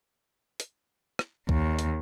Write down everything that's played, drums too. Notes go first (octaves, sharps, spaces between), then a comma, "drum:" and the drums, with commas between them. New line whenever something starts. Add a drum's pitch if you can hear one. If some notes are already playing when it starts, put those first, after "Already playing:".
drum: hi-hat
drum: rim click
D#2, drum: kick C2
drum: hi-hat